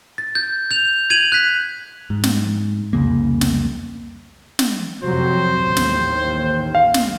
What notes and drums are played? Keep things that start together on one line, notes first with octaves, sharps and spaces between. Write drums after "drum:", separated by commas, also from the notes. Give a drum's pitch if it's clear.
A6
G6
G6 F7
G#6 D#7 F7 F#7
F#6 B6
G#2
drum: snare
C2 F2 C#3 A#3
drum: snare
drum: snare
F2 C3 F#3 C5
A1 D#2
drum: snare
F5
drum: snare